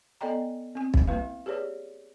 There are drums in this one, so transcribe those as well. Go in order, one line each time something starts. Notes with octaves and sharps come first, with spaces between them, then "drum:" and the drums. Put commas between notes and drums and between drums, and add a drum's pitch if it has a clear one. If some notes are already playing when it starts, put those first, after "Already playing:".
B3 A4 D5 D#5 G5 A#5
C4 G#5
drum: kick
G3 A#3 E4 B4 F5
G4 G#4 B4 C#5 D5